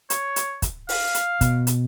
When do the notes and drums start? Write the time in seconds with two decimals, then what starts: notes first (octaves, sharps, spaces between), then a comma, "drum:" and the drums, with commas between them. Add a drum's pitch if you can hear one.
0.10 C#5, drum: hi-hat
0.36 drum: hi-hat
0.62 drum: kick, hi-hat
0.89 F5, drum: open hi-hat
1.15 drum: hi-hat
1.41 B2, drum: kick, hi-hat
1.67 drum: hi-hat